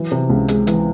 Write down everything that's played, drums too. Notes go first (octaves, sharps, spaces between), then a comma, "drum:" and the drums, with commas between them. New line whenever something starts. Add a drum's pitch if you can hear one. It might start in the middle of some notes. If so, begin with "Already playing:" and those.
Already playing: E3 F#3
C3
C#2
G#3, drum: hi-hat
E3, drum: hi-hat